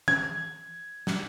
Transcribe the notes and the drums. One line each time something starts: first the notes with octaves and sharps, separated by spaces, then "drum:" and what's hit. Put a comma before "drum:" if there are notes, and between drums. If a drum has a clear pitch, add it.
G#6, drum: tom
drum: snare